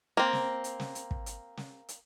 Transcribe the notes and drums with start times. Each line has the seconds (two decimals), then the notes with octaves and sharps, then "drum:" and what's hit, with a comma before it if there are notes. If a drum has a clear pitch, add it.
0.17 A#3 C4
0.33 drum: snare
0.64 drum: hi-hat
0.80 drum: snare
0.95 drum: hi-hat
1.11 drum: kick
1.26 drum: hi-hat
1.57 drum: snare
1.89 drum: hi-hat